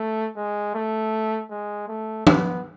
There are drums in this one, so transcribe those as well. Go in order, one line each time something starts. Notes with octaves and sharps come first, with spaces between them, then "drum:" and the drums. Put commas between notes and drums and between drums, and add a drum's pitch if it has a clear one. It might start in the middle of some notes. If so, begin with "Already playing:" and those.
Already playing: A3
G#3
A3
G#3
A3
B3, drum: tom